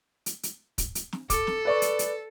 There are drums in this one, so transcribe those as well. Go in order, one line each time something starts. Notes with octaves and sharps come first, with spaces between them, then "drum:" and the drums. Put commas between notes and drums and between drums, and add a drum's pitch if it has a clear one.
drum: hi-hat
drum: hi-hat
drum: kick, hi-hat
drum: hi-hat
drum: snare
A4 D6, drum: kick, hi-hat
drum: snare
B4 D5 C#6
drum: hi-hat
drum: hi-hat